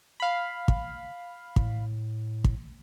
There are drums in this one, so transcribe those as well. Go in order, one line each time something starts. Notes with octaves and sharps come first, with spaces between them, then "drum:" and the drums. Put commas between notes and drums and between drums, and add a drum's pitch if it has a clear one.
F5 B5
drum: kick
A2, drum: kick
drum: kick